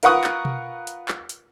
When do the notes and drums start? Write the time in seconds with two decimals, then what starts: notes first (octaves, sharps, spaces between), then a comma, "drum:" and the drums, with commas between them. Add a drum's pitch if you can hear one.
0.03 F4 A#4 B4 F#5 C#6 D#6, drum: hi-hat
0.24 drum: clap
0.45 drum: tom B2
0.87 drum: hi-hat
1.08 drum: clap
1.29 drum: hi-hat